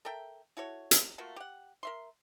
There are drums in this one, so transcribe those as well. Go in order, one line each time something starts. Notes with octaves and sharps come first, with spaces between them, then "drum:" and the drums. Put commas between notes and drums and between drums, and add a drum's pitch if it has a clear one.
A4 A#4 E5 G5
E4 F#4 A4 C#5
drum: hi-hat
A3 A#3 F4 F#4
G4 F#5
A#4 E5 C6